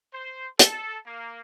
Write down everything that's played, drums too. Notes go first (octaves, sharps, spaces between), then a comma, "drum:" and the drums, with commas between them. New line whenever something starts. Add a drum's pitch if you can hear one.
C5
A4, drum: hi-hat
A#3